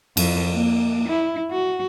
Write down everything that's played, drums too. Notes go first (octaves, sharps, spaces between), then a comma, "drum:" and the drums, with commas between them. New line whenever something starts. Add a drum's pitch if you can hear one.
F2, drum: cymbal
A#3
E4
F#4